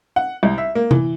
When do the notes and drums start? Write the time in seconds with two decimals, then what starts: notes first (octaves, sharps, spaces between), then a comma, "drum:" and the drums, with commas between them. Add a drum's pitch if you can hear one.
0.16 F#5
0.43 C2
0.58 E5
0.75 A#3
0.91 E3, drum: tom C3